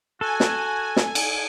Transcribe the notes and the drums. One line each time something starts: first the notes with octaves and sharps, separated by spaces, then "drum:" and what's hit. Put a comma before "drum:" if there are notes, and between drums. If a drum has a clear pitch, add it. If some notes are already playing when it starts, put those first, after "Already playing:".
F#4 A4 G#5
drum: snare
drum: snare
drum: cymbal